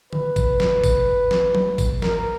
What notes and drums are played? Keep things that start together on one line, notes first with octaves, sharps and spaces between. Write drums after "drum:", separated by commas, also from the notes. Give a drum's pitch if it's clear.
B4, drum: tom D3
drum: kick, tambourine
drum: snare
drum: kick, tambourine
drum: snare
drum: tom F#3
drum: kick, tambourine
A#4, drum: snare